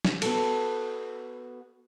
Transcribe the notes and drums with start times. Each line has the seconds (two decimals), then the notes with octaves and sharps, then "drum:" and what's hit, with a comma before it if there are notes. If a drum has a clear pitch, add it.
0.05 drum: snare
0.22 B3 F#4 A4, drum: cymbal